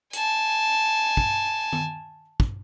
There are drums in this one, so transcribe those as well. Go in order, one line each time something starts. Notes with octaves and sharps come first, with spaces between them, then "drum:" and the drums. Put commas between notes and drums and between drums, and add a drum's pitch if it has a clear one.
G#5 A5, drum: hi-hat
drum: kick
drum: tom D#3
drum: kick